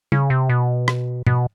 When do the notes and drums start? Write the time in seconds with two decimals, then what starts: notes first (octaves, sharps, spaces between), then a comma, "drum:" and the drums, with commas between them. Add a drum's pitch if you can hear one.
0.12 C#3, drum: tom
0.30 C3
0.49 B2
0.88 drum: rim click
1.27 B2, drum: tom